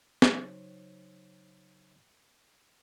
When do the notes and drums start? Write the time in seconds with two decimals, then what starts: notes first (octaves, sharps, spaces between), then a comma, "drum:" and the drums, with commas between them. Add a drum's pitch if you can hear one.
0.22 C#3 F#3 D#4 C5 C#5, drum: snare